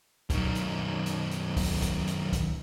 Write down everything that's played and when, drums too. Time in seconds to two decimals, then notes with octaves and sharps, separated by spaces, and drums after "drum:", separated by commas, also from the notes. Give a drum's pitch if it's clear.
0.30 F#2 D#3, drum: kick, hi-hat
0.55 drum: hi-hat
1.06 drum: hi-hat
1.31 drum: hi-hat
1.57 drum: kick, open hi-hat
1.82 drum: kick, hi-hat
2.07 drum: hi-hat
2.33 drum: kick, hi-hat